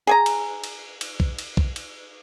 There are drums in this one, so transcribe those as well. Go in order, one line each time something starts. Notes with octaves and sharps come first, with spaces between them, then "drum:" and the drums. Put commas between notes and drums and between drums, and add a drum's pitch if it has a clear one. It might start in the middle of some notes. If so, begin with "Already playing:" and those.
G#4 G#5 A#5
drum: cymbal
drum: cymbal
drum: cymbal
drum: kick
drum: cymbal
drum: kick
drum: cymbal